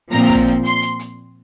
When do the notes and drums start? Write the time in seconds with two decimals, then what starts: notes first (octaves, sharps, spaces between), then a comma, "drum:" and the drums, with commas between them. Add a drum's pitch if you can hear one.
0.11 A#2 F3 C4 A#5, drum: hi-hat
0.29 drum: kick, open hi-hat
0.47 drum: hi-hat
0.65 C6, drum: hi-hat
0.82 drum: hi-hat
0.99 drum: hi-hat